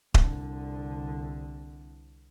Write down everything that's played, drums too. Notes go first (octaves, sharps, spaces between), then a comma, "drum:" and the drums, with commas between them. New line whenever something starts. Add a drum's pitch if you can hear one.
C2 D3, drum: kick D#1